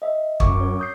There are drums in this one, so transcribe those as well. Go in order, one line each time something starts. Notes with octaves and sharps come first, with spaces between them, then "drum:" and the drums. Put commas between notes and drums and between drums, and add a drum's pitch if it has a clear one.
D#5 E5
F#2 C#6 D6, drum: kick
C#5
D#6 G6 C7